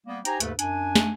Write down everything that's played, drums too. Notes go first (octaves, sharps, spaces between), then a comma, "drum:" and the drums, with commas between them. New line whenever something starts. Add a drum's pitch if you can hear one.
G3 A#3 B3
D#4 G4 C5 G5 G#5 A#5, drum: hi-hat
D#2 G#2 C#3 A3 A4 B4, drum: hi-hat
F#2 D4 G#5, drum: hi-hat
drum: snare